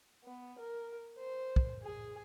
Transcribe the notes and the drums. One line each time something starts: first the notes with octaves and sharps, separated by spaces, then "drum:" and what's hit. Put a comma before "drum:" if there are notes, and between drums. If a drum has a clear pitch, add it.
B3
A#4
C5
drum: kick
G#4